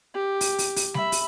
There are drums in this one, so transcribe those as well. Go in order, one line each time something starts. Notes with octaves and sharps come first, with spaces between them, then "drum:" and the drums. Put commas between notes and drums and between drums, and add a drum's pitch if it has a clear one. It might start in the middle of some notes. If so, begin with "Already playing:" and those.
G4
drum: open hi-hat
drum: open hi-hat
drum: open hi-hat
E5 B5, drum: snare G3
drum: open hi-hat